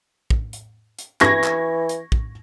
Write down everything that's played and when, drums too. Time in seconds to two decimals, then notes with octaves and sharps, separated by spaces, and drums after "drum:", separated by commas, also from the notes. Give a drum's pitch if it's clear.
0.30 drum: kick
0.53 drum: hi-hat
0.99 drum: hi-hat
1.21 E3 C#6 G#6 A#6, drum: clap
1.44 drum: clap
1.89 drum: hi-hat
2.12 drum: kick